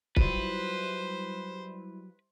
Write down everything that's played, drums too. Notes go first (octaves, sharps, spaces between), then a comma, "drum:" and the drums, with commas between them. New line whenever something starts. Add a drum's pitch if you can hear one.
F#3 G3 E4 F4 B4 C5, drum: kick